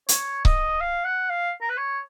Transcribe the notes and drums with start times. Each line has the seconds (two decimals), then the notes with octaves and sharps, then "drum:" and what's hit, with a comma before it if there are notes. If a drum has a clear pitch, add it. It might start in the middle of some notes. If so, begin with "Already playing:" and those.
0.09 C#5, drum: hi-hat
0.45 D#5, drum: kick C#1
0.80 F5
1.05 F#5
1.30 F5
1.61 A#4
1.69 B4
1.77 C#5